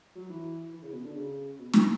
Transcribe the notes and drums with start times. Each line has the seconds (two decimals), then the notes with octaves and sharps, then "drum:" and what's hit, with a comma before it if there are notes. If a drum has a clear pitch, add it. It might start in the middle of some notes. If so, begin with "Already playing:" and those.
0.15 F#3
0.29 E3
0.73 E3
0.83 C#3
0.93 B2
1.04 D3
1.16 C#3
1.59 B2
1.74 E3, drum: snare